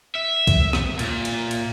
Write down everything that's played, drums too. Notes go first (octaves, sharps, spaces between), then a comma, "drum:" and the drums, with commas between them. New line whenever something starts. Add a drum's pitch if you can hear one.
E5
drum: kick A#1, cymbal
drum: rim click
A#2, drum: cymbal
drum: cymbal
drum: cymbal